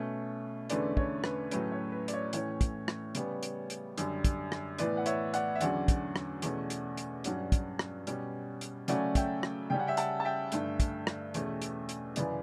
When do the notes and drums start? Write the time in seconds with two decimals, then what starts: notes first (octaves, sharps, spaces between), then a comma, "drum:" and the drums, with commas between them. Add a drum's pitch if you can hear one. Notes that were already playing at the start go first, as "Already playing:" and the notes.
Already playing: B2 A3 C#4
0.70 E2 D3 A3 C#4 B4 D5, drum: hi-hat
0.97 C#5, drum: kick
1.24 B4, drum: rim click
1.51 A2 F#3 A3 C#4 B4, drum: hi-hat
1.72 C#5
1.92 B4
2.08 D5, drum: hi-hat
2.13 C#5
2.33 A2 E3 A3 C#4 C#5, drum: hi-hat
2.61 drum: kick, hi-hat
2.88 drum: rim click
3.15 C#3 G3 B3, drum: hi-hat
3.43 drum: hi-hat
3.70 drum: hi-hat
3.98 F#2 D3 G3, drum: hi-hat
4.25 drum: kick, hi-hat
4.52 drum: rim click
4.79 A2 E3 B3 B4 D5, drum: hi-hat
4.97 F#5
5.06 C#5 E5, drum: hi-hat
5.34 D5 F#5, drum: hi-hat
5.55 E5
5.61 E2 D3 F#3 C#4 D5 F#5, drum: hi-hat
5.88 drum: kick, hi-hat
6.16 drum: rim click
6.42 E2 B2 A3 C#4, drum: hi-hat
6.70 drum: hi-hat
6.97 drum: hi-hat
7.24 G2 F#3 C#4 D5 F#5, drum: hi-hat
7.52 drum: kick, hi-hat
7.79 drum: rim click
8.07 B2 G3 C#4, drum: hi-hat
8.61 drum: hi-hat
8.88 C#3 F#3 A3 C#4 D5 F#5, drum: hi-hat
9.15 E5 G5, drum: kick, hi-hat
9.43 drum: rim click
9.70 C#3 G3 C#4 G5
9.79 F#5
9.87 E5 G5
9.97 F#5 A5, drum: hi-hat
10.20 A5
10.25 E5 G5
10.52 G2 D3 A3, drum: hi-hat
10.80 drum: kick, hi-hat
11.07 drum: rim click
11.34 E2 B2 A3 C#4, drum: hi-hat
11.62 drum: hi-hat
11.89 drum: hi-hat
12.16 F#2 C#3 E3 B4 D5, drum: hi-hat